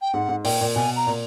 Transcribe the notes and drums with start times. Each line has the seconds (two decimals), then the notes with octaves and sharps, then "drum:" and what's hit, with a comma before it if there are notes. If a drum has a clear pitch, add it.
0.02 G5
0.14 G#2 F#5
0.29 G#2
0.44 A#2 G5, drum: open hi-hat
0.61 A#2
0.76 B2 G#5
0.96 A#5
1.07 A#2